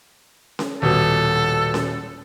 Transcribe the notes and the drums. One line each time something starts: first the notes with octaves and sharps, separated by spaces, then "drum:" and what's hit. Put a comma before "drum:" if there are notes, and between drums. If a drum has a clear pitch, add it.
drum: snare C#4
D#1 B2 A4
drum: snare C#4